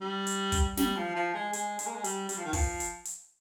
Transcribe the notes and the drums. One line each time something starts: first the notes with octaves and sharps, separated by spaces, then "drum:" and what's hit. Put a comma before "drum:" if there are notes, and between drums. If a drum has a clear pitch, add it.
G3
drum: hi-hat
drum: kick, hi-hat
G3, drum: snare
F3
F3
G#3
G#3, drum: hi-hat
G#3, drum: hi-hat
A#3
G#3
G3, drum: hi-hat
G3, drum: hi-hat
F3
D#3
F3, drum: kick, open hi-hat
drum: hi-hat
drum: hi-hat